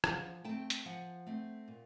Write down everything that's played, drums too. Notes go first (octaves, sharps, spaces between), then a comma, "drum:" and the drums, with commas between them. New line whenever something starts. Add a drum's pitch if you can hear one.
F3 F#5 G#5, drum: rim click
A3 C4 G5 A5
drum: hi-hat
F3 F#5 G#5
A3 C4
A#2